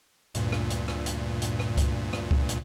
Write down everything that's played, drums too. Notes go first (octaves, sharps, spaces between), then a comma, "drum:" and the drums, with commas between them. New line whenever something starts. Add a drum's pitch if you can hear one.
D2 G2 A#2, drum: hi-hat
drum: rim click
drum: hi-hat
drum: rim click
drum: hi-hat
drum: hi-hat
drum: rim click
drum: kick C#2, hi-hat
drum: rim click
drum: kick C#2
drum: hi-hat